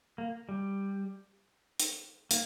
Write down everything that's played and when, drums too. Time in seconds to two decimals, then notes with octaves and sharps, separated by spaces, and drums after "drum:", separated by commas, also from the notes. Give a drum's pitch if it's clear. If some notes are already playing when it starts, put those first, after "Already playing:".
0.18 A#3
0.49 G3
1.80 drum: hi-hat
2.31 A#3, drum: hi-hat